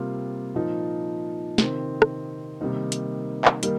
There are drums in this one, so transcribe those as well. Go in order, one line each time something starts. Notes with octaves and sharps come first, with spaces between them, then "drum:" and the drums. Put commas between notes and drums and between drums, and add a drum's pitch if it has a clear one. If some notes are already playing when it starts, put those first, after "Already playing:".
Already playing: C3 G3 A#3 F4
A#2 F3 D#4
C3 D#3 C4 D#4, drum: snare
drum: rim click
C3 D#3 G3 A#3 D#4
drum: hi-hat
drum: clap
D#3 G3 A#3 D#4, drum: hi-hat